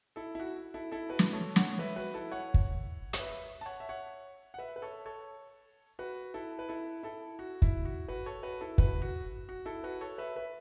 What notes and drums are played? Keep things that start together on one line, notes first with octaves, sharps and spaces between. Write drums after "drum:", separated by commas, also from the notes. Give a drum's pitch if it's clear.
E4 A4
E4
F#4
E4 A4
E4 A4
F#4 B4
drum: snare
A4 C#5
C#5 F#5, drum: snare
B4 E5
F#4 B4
E4 A4
C#5 F#5
drum: kick
C#5, drum: hi-hat
B4 E5
A5
C#5 F#5
E5
C#5 F#5
F#5
B4 E5
B4
A4 C#5
A4 C#5
F#4 B4
E4 A4
B4
E4 A4
E4 A4
F#4
E4, drum: kick
F#4
F#4 B4
A4 C#5
F#4 B4
E4 A4
F#4 B4, drum: kick
F#4
F#4
E4 A4
F#4 B4
A4 C#5
B4 E5
B4 E5